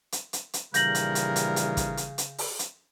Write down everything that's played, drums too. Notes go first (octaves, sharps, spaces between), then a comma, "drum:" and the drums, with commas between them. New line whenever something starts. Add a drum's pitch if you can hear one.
drum: hi-hat
drum: hi-hat
drum: hi-hat
A#1 C#3 E3 G3 A#4 G6 A#6 F#7, drum: hi-hat
drum: hi-hat
drum: hi-hat
drum: hi-hat
drum: hi-hat
drum: kick, hi-hat
drum: hi-hat
drum: hi-hat
drum: open hi-hat
drum: hi-hat